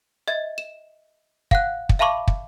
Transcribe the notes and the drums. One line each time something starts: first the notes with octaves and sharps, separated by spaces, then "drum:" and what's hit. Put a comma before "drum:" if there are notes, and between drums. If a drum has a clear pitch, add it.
D#5 E5 G#6 A6
E7
F5 F#5 F#6, drum: kick
drum: kick
E5 F5 A5 B5 C#6 D6
drum: kick